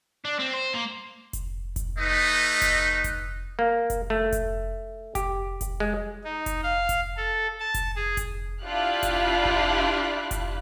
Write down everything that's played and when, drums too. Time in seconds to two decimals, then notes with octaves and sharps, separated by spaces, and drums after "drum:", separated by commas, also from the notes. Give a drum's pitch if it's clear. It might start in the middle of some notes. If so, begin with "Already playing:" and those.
0.25 D4
0.39 C4
0.53 C5
0.74 A#3
1.33 drum: kick F1, hi-hat
1.76 drum: kick F1, hi-hat
1.98 A3 D#4 B4 D#5
2.61 drum: kick F1, hi-hat
3.04 drum: kick F1, hi-hat
3.59 A#3
3.90 drum: kick F1, hi-hat
4.10 A3
4.32 drum: kick F1, hi-hat
5.15 G4, drum: kick F1, hi-hat
5.61 drum: kick F1, hi-hat
5.80 G#3
6.24 D#4
6.46 drum: kick F1, hi-hat
6.63 F5
6.89 drum: kick F1, hi-hat
7.17 A4
7.60 A5
7.74 drum: kick F1, hi-hat
7.96 G#4
8.17 drum: kick F1, hi-hat
8.65 D4 E4 F4 G4 F5 F#6
9.03 drum: kick F1, hi-hat
9.45 drum: kick F1
10.31 drum: kick F1, hi-hat